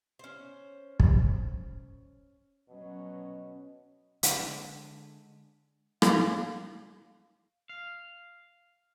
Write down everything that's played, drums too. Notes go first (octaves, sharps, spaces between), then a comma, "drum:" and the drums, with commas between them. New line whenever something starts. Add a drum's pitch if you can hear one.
C#4 C5
drum: kick
B2 F#3 C#4
D3 G#3, drum: hi-hat
F5, drum: rim click
F5